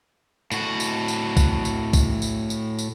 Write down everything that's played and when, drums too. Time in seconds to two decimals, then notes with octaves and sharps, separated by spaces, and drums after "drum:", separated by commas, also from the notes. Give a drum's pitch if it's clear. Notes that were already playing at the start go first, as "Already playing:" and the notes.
0.52 A2 F#4, drum: tambourine
0.80 drum: tambourine
1.08 drum: tambourine
1.37 drum: kick, tambourine
1.65 drum: tambourine
1.93 drum: kick, tambourine
2.22 drum: tambourine
2.50 drum: tambourine
2.79 drum: tambourine